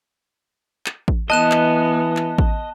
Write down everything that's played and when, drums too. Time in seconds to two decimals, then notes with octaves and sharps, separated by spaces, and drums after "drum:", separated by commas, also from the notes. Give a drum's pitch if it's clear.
0.86 drum: clap
1.08 drum: kick A1
1.30 E3 B3 D#5 A5 F#6 E7
1.51 drum: clap
2.17 drum: clap
2.38 drum: kick A1